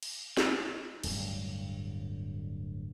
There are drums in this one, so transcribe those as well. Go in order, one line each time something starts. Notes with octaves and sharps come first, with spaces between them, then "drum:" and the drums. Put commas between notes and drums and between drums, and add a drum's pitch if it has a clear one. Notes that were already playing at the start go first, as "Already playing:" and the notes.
drum: cymbal
drum: snare
D1 G2 F#3, drum: cymbal